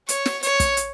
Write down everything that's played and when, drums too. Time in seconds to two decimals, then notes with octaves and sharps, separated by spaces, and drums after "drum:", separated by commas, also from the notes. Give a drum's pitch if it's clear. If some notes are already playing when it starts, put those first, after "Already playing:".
0.09 C#5, drum: hi-hat
0.26 drum: snare
0.43 C#5, drum: hi-hat
0.60 drum: kick, hi-hat
0.77 drum: hi-hat